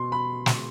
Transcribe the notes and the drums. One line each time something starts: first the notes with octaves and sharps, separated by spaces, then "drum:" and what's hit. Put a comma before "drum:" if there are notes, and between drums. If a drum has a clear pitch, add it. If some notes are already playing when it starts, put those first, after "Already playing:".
Already playing: B2 C6
B5
drum: snare